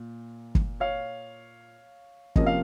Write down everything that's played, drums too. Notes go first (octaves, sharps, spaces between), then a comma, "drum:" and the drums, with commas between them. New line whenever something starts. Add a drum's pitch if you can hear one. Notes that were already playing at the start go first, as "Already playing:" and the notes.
Already playing: A#2
drum: kick
C#5 F5
C3 F3 A#3 C#4 D#5, drum: kick
F5